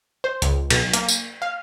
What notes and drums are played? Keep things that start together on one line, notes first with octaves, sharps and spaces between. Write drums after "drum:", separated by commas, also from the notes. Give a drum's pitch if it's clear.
C5
C#2, drum: hi-hat
B1, drum: cymbal
A#3, drum: hi-hat
drum: tambourine
F5